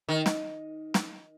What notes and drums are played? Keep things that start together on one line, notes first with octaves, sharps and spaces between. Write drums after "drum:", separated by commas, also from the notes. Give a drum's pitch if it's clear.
D#3
drum: snare
drum: snare